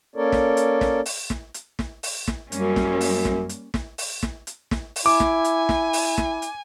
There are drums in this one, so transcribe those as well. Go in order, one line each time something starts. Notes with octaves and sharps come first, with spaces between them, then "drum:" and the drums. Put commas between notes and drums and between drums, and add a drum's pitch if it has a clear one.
A#3 C#4 A4 A#4 C#5 D5
drum: snare
drum: hi-hat
drum: snare
drum: open hi-hat
drum: snare
drum: hi-hat
drum: snare
drum: open hi-hat
drum: snare
F#2 G3 A#3 C#4, drum: hi-hat
drum: snare
drum: open hi-hat
drum: snare
drum: hi-hat
drum: snare
drum: open hi-hat
drum: snare
drum: hi-hat
drum: snare
drum: open hi-hat
E4 G#5 D6
drum: snare
drum: hi-hat
drum: snare
drum: open hi-hat
drum: snare
drum: hi-hat